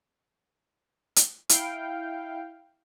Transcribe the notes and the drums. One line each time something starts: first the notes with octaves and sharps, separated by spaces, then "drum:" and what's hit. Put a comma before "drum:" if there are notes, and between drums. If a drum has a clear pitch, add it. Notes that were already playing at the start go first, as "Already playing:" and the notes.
drum: hi-hat
E4 F5 G5, drum: hi-hat